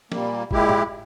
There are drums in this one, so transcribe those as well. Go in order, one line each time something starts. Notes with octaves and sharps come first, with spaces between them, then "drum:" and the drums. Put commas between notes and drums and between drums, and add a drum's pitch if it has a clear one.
A#2 G3 A#3, drum: snare
A#2 G#3 E4 G4, drum: kick
drum: tom G#2